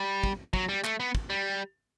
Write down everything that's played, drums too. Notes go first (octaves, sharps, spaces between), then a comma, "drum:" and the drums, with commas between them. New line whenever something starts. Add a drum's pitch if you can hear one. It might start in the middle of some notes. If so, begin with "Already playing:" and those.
Already playing: G3
drum: kick
F#3, drum: kick
G3
A3, drum: clap
B3
drum: kick
G3